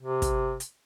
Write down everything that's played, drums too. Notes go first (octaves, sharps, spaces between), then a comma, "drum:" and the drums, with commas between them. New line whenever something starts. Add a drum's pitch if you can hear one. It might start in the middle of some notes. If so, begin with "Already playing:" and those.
C3
drum: kick, hi-hat
drum: hi-hat